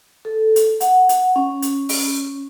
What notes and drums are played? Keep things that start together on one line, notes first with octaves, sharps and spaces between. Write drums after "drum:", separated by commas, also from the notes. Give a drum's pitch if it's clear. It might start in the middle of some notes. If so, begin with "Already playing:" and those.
A4
drum: hi-hat
F#5, drum: hi-hat
drum: hi-hat
C#4
drum: hi-hat
drum: open hi-hat